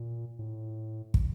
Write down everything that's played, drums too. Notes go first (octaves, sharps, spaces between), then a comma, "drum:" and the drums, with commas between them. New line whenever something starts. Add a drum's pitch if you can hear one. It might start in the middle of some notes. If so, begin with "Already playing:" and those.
Already playing: A#2
A2
drum: kick